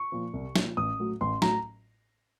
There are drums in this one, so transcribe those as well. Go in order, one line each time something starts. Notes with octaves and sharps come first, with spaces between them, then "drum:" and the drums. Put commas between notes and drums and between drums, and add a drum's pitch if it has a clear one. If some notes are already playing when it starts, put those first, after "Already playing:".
Already playing: C#6
A#2 F3
C2
A#2 F3, drum: snare
A1 D#6
A2 F#3
A1 C6
A2 F#3 A#5, drum: snare